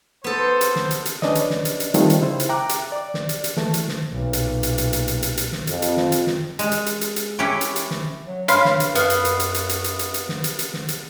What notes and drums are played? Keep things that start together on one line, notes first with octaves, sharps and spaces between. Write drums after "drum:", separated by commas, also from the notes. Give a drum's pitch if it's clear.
B3 A4 C5
drum: hi-hat
drum: snare
drum: hi-hat
drum: hi-hat
C#4 D4 B4 D5 D#5, drum: snare
drum: hi-hat
drum: snare
drum: hi-hat
drum: hi-hat
D#3 F3 G3 A3 C4 D#4, drum: hi-hat
drum: hi-hat
C#3 E4 C5
drum: hi-hat
E5 G5 A#5 D6 F#6
drum: hi-hat
D5
drum: snare
drum: hi-hat
drum: hi-hat
E3 A3, drum: snare
drum: hi-hat
drum: snare
B1 A#2
drum: hi-hat
drum: hi-hat
drum: hi-hat
drum: hi-hat
drum: hi-hat
drum: hi-hat
drum: hi-hat
drum: snare
F2, drum: hi-hat
drum: hi-hat
drum: snare
drum: hi-hat
drum: snare
G#3, drum: hi-hat
drum: hi-hat
drum: hi-hat
drum: hi-hat
drum: hi-hat
C#4 E4 G4 B4 C#5 G5
drum: hi-hat
drum: hi-hat
drum: snare
F#3
G2 C#5 F5 B5 C6, drum: hi-hat
drum: snare
drum: hi-hat
F#2 B3 F5, drum: hi-hat
drum: hi-hat
drum: hi-hat
drum: hi-hat
drum: hi-hat
drum: hi-hat
drum: hi-hat
drum: hi-hat
drum: hi-hat
drum: snare
drum: hi-hat
drum: hi-hat
drum: snare
drum: hi-hat